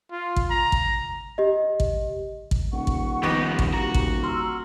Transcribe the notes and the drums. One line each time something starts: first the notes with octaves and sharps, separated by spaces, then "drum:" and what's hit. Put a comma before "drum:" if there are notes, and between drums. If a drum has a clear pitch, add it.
F4
drum: kick
A#5
drum: kick
G4 D#5
drum: kick
drum: kick
D#1 F#5 C#6
drum: kick
D#3 F3 B3 D#4 G4
drum: kick
F#4 G4 A#5
drum: kick
A#5 C6 E6 F6